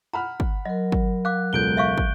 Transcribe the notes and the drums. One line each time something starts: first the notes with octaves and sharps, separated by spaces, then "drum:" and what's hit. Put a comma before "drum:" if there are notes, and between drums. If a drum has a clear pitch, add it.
F#5 A#5 B5 F6
drum: kick
F#3 A#4 D#5
drum: kick
F5 D6 F#6
E1 C#2 A4 G6 D7 G7
E5 F5 C#6
drum: kick